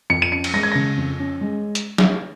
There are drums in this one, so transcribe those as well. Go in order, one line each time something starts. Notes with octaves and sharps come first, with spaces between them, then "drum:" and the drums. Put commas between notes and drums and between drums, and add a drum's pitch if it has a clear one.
F2 C#7
D#7
C#4 C#7
drum: cymbal
G#3 A#6
G#6
C#3 A#6
F2
C#4
G#3
drum: hi-hat
drum: snare